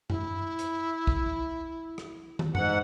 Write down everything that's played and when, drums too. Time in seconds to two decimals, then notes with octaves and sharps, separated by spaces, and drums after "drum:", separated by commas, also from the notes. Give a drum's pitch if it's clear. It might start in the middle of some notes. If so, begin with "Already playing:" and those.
0.10 E4, drum: tom F#2
0.59 drum: hi-hat
1.07 drum: kick
1.98 drum: rim click
2.39 drum: tom
2.55 G#2 F#5, drum: tom F#2